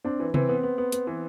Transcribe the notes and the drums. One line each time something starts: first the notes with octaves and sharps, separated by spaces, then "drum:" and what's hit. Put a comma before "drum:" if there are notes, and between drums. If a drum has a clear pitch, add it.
C4 D4
E3
E3 C4, drum: tom C3
B3
B3
B3
B3, drum: hi-hat
E3